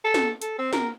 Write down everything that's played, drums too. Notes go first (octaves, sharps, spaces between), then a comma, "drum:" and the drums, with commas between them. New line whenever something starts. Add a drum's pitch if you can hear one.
A4
drum: snare
A4, drum: hi-hat
C4
A#4, drum: snare